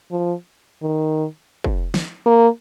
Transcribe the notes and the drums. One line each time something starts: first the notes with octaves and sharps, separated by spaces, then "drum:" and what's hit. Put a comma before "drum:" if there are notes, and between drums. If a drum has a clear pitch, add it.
F3
D#3
drum: kick
drum: snare
A#3